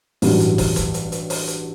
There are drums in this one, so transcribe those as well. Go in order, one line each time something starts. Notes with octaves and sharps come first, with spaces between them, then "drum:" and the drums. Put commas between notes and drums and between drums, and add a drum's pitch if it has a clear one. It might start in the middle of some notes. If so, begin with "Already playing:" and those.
A1 G2 F#3, drum: open hi-hat
drum: hi-hat
drum: kick, open hi-hat
drum: kick, hi-hat
drum: hi-hat
drum: hi-hat
drum: open hi-hat
drum: hi-hat